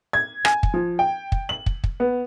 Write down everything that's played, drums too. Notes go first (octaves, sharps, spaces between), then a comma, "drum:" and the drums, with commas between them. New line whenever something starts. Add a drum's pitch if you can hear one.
G#6
G#5, drum: rim click
drum: kick
F3
G5
drum: kick
F#7
drum: kick
drum: kick
B3